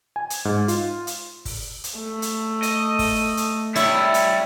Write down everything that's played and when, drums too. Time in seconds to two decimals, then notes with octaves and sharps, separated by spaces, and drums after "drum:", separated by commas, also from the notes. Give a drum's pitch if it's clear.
0.16 G#5
0.30 drum: hi-hat
0.45 G#2
0.68 F4, drum: hi-hat
1.07 drum: hi-hat
1.45 drum: kick, open hi-hat
1.84 drum: hi-hat
1.99 A3
2.22 drum: hi-hat
2.63 D#5, drum: hi-hat
2.99 drum: kick, open hi-hat
3.37 drum: hi-hat
3.76 G3 E4 C#5, drum: hi-hat
4.14 drum: hi-hat